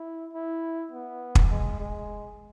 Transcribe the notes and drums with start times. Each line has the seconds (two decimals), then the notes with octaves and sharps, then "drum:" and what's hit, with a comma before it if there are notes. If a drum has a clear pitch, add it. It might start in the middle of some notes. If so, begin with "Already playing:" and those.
Already playing: E4
0.33 E4
0.92 B3
1.35 drum: kick
1.50 G#3
1.80 G#3